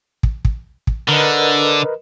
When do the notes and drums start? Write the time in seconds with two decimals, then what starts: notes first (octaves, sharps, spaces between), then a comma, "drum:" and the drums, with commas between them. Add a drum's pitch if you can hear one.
0.23 drum: kick
0.45 drum: kick
0.87 drum: kick
1.09 D3 A#4 B4 D#5